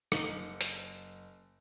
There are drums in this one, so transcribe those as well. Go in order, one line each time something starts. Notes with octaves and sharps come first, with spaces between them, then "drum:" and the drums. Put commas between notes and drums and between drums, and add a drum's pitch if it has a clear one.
F#1 D#4, drum: rim click
drum: hi-hat